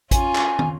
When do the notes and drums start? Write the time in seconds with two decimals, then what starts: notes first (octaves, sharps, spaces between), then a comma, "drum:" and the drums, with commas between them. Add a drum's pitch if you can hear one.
0.11 C#4 F4 G#5, drum: kick A1, hi-hat
0.35 drum: clap
0.59 drum: tom